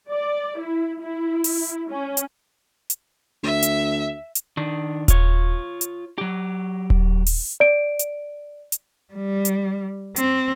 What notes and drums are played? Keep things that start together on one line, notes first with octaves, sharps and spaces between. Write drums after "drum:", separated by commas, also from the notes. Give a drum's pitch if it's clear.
D5
E4
E4
drum: open hi-hat
C#4
drum: hi-hat
drum: hi-hat
D2 E5
drum: hi-hat
drum: hi-hat
D#3 D4
F4 C#5, drum: kick D#1, hi-hat
drum: hi-hat
F#3 G4
drum: kick D#1
drum: open hi-hat
D5 D7
drum: hi-hat
drum: hi-hat
G3
drum: hi-hat
C4, drum: hi-hat